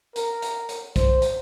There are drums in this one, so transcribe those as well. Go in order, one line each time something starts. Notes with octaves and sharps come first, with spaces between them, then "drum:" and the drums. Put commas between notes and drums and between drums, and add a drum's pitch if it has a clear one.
A#4, drum: hi-hat
drum: hi-hat
drum: hi-hat
C5, drum: kick, hi-hat
drum: hi-hat